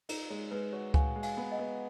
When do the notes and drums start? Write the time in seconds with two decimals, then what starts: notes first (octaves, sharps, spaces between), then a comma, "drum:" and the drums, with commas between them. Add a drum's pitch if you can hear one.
0.09 D#4, drum: cymbal
0.30 G#3 C#5
0.51 G#3 B4
0.73 F#4 C#5
0.94 F#4 F5 G#5, drum: kick C#2
1.16 G#3
1.23 F5 G#5, drum: cymbal
1.37 B3
1.52 D#5 F#5
1.59 B3